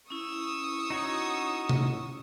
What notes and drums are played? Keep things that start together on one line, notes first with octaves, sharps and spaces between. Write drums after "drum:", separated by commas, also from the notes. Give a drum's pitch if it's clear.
C#4 E4 C#6 D#6 E6
D#4 F#4 C#5
drum: tom C3